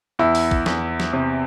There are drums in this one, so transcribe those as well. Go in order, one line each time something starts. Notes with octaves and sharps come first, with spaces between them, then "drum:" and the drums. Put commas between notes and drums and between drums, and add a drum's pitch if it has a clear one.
E2 E4
drum: open hi-hat
drum: kick
E2, drum: snare
drum: snare
C3